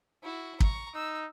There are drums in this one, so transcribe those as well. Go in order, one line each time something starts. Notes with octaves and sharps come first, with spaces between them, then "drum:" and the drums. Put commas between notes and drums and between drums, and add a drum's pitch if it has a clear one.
E4 F#4
A#5 C#6, drum: kick
D#4 E6